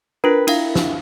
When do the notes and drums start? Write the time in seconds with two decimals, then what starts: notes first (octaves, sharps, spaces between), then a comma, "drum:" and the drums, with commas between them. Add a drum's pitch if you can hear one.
0.24 D4 F4 A#4 B4
0.47 D4 E4 F5, drum: cymbal
0.76 drum: snare